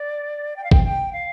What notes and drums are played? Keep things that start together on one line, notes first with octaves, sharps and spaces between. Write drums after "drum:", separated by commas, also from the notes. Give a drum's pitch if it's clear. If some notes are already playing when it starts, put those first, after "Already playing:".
Already playing: D5
G5
F5
G5, drum: kick
G5
F5